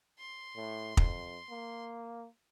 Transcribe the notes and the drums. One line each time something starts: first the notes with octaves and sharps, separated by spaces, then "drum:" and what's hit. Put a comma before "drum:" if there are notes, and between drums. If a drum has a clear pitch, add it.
C6
A2
F2, drum: kick
A#3